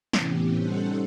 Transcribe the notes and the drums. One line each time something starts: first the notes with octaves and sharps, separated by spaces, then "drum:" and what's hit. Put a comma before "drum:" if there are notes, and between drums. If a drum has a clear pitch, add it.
A2 C3 E3 B3 C#4 G4, drum: snare
G3 C#4 D#4 A4 C5 F#5